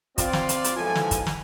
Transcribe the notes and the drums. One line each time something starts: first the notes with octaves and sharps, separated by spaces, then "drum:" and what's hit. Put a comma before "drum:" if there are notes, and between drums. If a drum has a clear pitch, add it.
C4 F4 D5, drum: kick, hi-hat
drum: snare
drum: hi-hat
drum: hi-hat
B1 G#2 E3 F3 A4 G#5
drum: snare
drum: kick, hi-hat
drum: snare